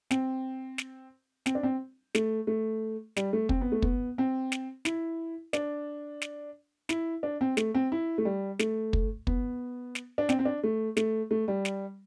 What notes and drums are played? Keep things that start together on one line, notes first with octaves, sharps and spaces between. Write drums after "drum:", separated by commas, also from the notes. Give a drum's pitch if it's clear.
C4, drum: snare
drum: snare
C4, drum: snare
D4
C4
A3, drum: snare
A3
G3, drum: snare
A3
C4, drum: kick
B3
A3
B3, drum: kick
C4
drum: snare
E4, drum: snare
D4, drum: snare
drum: snare
E4, drum: snare
D4
C4
A3, drum: snare
C4
E4
A3
G3
A3, drum: snare
drum: kick
B3, drum: kick
drum: snare
D4
C4, drum: snare
C4
D4
A3
A3, drum: snare
A3
G3
drum: snare